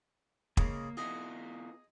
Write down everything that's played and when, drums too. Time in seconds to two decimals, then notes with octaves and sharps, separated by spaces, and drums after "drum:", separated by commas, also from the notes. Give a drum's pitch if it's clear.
0.57 C#3 G#3 A#3 B5, drum: kick
0.97 B3 E4 F4 G#4 D#5 G#5